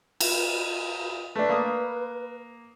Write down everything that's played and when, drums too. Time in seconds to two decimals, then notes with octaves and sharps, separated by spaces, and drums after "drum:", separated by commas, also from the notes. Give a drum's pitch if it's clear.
0.21 drum: cymbal
1.35 A3 D4 B4
1.49 A#3 D#6